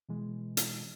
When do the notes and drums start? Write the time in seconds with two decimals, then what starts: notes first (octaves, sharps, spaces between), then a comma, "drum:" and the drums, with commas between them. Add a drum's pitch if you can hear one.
0.09 B2 E3 G#3
0.57 drum: hi-hat